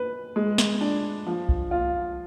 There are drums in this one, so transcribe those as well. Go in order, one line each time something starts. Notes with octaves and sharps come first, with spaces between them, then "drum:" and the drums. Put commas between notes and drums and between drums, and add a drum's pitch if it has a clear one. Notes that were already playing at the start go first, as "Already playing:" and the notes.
Already playing: B4
G#3
drum: snare
D4
F3
drum: kick B1
F4